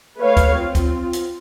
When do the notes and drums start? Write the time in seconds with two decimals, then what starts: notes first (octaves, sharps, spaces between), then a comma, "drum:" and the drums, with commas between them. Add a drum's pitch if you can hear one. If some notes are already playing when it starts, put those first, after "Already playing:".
0.18 A3 B4 C#5 F5
0.37 drum: kick D2, hi-hat
0.53 C4 F4
0.75 drum: kick D2, hi-hat
1.13 drum: hi-hat